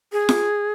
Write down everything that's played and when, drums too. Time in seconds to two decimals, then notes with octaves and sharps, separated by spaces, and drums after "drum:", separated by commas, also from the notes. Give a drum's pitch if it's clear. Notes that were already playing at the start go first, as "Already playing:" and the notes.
0.12 G#4
0.29 drum: snare F4